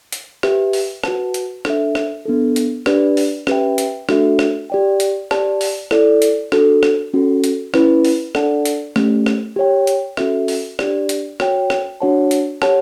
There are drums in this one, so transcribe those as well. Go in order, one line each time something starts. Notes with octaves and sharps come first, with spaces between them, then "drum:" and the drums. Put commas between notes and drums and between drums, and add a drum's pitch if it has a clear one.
drum: hi-hat
G4 B4 E5, drum: rim click
drum: open hi-hat
F#4 B4 F#5 A5, drum: rim click
drum: hi-hat
D4 A4 E5, drum: rim click
drum: rim click
B3 D4 A4
drum: hi-hat
D4 G4 B4 D5, drum: rim click
drum: open hi-hat
C#4 G4 B4 E5 G5, drum: rim click
drum: hi-hat
A3 D4 F#4 A4 E5, drum: rim click
drum: rim click
G4 D5 G5
drum: hi-hat
G4 D5 A5, drum: rim click
drum: open hi-hat
E4 A4 D5, drum: rim click
drum: hi-hat
D4 F#4 A4, drum: rim click
drum: rim click
C#4 F#4 A4
drum: hi-hat
C#4 E4 B4, drum: rim click
drum: open hi-hat
D4 A4 D5 F#5 A5, drum: rim click
drum: hi-hat
A3 C#4 G4, drum: rim click
drum: rim click
G4 C#5 G5
drum: hi-hat
C#4 F#4 A4 E5, drum: rim click
drum: open hi-hat
D4 G4 D5, drum: rim click
drum: hi-hat
F#4 C#5 G5, drum: rim click
drum: rim click
D4 F#4 C#5 F#5 A5
drum: hi-hat
G4 C#5 F#5 A5, drum: rim click